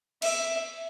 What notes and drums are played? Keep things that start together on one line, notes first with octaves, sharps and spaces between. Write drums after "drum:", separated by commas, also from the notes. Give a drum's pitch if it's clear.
E5, drum: cymbal